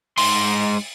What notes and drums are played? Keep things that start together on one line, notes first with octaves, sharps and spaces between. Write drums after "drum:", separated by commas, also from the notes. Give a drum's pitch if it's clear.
G#2 C6, drum: open hi-hat